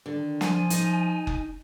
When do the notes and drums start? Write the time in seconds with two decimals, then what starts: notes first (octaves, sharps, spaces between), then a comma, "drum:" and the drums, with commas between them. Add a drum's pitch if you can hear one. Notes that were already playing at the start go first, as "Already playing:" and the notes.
0.06 D3 D#3
0.41 F3 G#5, drum: snare
0.70 D#4, drum: hi-hat
1.27 drum: kick F#1